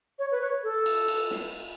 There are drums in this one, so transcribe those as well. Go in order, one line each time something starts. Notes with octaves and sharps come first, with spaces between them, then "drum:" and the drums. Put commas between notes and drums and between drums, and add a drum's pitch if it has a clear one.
C#5
B4
C#5
A4
drum: cymbal
drum: cymbal
drum: snare